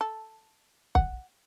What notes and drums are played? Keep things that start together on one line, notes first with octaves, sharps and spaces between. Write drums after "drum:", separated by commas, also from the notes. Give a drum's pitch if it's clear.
A4
F#5, drum: kick